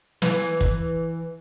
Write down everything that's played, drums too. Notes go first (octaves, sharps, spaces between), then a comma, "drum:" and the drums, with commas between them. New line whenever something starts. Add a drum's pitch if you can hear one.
E3, drum: snare
drum: kick